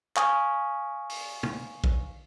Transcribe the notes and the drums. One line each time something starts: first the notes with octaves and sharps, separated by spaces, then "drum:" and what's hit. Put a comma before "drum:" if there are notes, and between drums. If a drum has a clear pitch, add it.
F5 G#5 C#6 D#6, drum: clap
drum: open hi-hat
drum: tom
drum: kick A#1